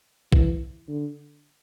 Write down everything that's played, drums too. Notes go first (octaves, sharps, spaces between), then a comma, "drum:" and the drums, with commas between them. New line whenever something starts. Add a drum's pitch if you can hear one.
E3, drum: kick A#1
D3